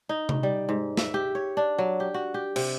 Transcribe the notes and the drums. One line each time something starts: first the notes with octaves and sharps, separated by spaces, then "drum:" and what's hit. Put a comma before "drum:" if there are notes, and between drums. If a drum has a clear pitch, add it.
D#4
drum: tom C3
G3
G#2
E5, drum: snare
G4
C#5
D4
F#3
G4
F#4
G4
C3, drum: cymbal